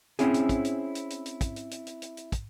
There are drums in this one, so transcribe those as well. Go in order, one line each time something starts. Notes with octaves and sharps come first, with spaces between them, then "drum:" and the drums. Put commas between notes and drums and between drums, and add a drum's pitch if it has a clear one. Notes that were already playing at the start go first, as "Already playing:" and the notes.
C4 C#4 E4 G#4, drum: hi-hat
drum: hi-hat
drum: kick, hi-hat
drum: hi-hat
drum: hi-hat
drum: hi-hat
drum: hi-hat
drum: kick, hi-hat
drum: hi-hat
drum: hi-hat
drum: hi-hat
drum: hi-hat
drum: hi-hat
drum: kick, hi-hat